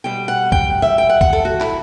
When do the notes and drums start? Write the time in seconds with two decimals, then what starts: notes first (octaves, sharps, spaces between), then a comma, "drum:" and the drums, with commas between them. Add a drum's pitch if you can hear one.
0.04 B2 G3 G5
0.28 F#5
0.52 G5, drum: kick
0.82 E5
0.98 G5
1.09 F#5
1.21 F#5, drum: kick
1.33 A4
1.45 F#4
1.60 E4, drum: clap